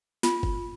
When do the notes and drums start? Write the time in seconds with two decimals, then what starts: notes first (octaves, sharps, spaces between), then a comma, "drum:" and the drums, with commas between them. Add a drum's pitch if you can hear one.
0.23 F4, drum: snare
0.43 drum: kick G1